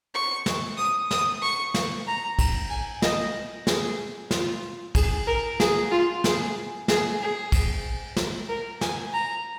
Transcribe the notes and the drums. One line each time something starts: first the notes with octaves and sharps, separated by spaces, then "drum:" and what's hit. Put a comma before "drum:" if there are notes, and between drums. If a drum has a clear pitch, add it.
C#6
drum: snare
D#6
D#6, drum: snare
C#6
drum: snare
A#5
drum: kick, cymbal
G#5
D#5, drum: snare
G#4, drum: snare
F4, drum: snare
G#4, drum: kick, cymbal
A#4
G#4, drum: snare
F4
G#4, drum: snare
G#4, drum: snare
G#4
drum: kick, cymbal
drum: snare
A#4
G#5, drum: snare
A#5